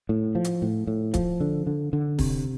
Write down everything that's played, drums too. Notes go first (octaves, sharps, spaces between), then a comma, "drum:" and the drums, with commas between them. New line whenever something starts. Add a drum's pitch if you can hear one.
A2
F3
drum: hi-hat
A2
A2
F3, drum: kick D1, hi-hat
D3
D3
D3
C3, drum: kick D1, open hi-hat